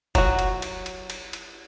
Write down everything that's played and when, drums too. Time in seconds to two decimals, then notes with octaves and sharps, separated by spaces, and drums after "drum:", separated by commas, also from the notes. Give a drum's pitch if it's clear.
0.15 F#3 F#4, drum: kick F1, cymbal
0.39 drum: cymbal
0.62 drum: cymbal
0.86 drum: cymbal
1.10 drum: cymbal
1.33 drum: cymbal